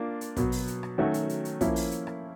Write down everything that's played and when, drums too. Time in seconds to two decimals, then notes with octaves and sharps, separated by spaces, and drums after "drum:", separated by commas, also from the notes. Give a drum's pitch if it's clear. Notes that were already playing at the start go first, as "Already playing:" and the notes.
Already playing: A#3 D4 F4
0.21 drum: hi-hat
0.37 B2 F#3 B3, drum: kick, hi-hat
0.52 drum: open hi-hat
0.67 drum: hi-hat
0.83 drum: rim click
0.98 D#3 F#3 A3 C#4 F#4
1.14 drum: hi-hat
1.29 drum: hi-hat
1.45 drum: hi-hat
1.61 F3 A#3 C#4 E4, drum: kick, hi-hat
1.76 drum: open hi-hat
1.91 drum: hi-hat
2.07 drum: rim click